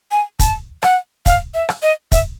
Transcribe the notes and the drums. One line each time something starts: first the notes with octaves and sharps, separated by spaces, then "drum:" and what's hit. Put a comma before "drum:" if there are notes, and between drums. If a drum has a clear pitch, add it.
G#5
A5, drum: kick, hi-hat
F#5, drum: rim click
F5, drum: kick, hi-hat
E5
drum: rim click
D#5
E5, drum: kick, hi-hat